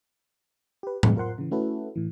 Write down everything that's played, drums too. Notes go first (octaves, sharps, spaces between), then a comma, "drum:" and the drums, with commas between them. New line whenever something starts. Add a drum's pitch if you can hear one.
G4 B4
E2 G2 C#3 E3 G#3, drum: tom A2
F4 A#4 C5 F#5 C6
C#3 E3
A3 C#4 E4 F#4 A4 B4
A2 E3